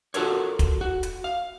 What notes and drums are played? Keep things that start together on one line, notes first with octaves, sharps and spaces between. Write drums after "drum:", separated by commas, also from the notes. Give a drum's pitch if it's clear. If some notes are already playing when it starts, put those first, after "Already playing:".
F4 F#4 A4 A#4 C#5, drum: hi-hat
drum: kick, hi-hat
F#4
drum: hi-hat
F5